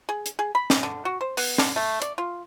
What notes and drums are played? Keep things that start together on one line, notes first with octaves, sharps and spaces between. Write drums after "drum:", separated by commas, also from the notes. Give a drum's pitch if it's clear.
G#4
drum: hi-hat
G#4
B5
drum: snare
D3
F#4
C5
B3, drum: open hi-hat
D3, drum: snare
A3
D5, drum: hi-hat
F4